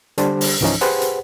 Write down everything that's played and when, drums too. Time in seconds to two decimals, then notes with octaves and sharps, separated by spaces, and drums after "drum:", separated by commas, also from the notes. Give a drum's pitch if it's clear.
0.18 D3 G3 D4 G4 C5, drum: hi-hat
0.41 drum: open hi-hat
0.61 C#2 G#2 E3 F3 C#4 D#4
0.81 G4 G#4 B4 C5 F#5, drum: hi-hat
1.01 drum: hi-hat